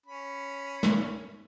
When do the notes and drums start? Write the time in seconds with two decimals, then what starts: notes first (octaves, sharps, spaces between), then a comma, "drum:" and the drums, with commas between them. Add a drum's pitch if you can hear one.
0.06 C#4 B5
0.83 drum: snare